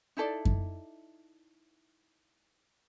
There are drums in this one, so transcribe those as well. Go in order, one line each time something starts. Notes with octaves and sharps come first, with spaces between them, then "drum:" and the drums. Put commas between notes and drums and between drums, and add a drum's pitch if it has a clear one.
D#4 E4 A4 D5
drum: kick F#2